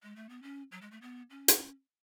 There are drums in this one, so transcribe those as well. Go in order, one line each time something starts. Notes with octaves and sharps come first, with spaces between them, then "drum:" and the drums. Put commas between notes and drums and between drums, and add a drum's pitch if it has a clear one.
G#3
A3
B3
C#4
F#3
G#3
A3
B3
C#4
drum: hi-hat